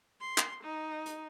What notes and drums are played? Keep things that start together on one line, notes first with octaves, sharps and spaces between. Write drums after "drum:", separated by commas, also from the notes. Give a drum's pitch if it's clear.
C6
drum: clap
D#4
drum: hi-hat